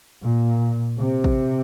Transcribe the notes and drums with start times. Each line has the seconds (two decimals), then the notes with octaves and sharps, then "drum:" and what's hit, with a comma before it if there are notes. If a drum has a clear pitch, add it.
0.22 A#2
0.99 C3
1.24 drum: kick A1